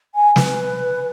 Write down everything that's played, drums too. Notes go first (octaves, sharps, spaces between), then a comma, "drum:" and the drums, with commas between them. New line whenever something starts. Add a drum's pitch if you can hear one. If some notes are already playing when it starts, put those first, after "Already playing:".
G#5
B4, drum: snare